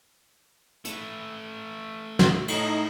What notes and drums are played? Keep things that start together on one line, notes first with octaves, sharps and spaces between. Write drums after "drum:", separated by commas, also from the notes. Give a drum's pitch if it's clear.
A3 B4, drum: hi-hat
drum: snare
A2 D#4, drum: cymbal